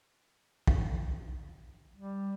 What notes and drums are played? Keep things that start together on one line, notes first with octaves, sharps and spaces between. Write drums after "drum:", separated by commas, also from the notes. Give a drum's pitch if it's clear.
drum: kick
G3